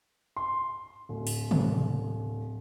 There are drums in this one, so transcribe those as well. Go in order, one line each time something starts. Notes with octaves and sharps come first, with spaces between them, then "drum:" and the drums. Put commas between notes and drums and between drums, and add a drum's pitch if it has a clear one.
C6
D1
drum: open hi-hat
drum: tom C3